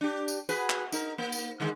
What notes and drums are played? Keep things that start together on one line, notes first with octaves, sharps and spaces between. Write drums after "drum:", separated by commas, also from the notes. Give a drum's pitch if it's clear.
D4 G4
drum: tambourine
F#4 G#4 B4, drum: tambourine
drum: clap
D#4 A#4, drum: tambourine
A#3
drum: tambourine
D3 D#3 G#3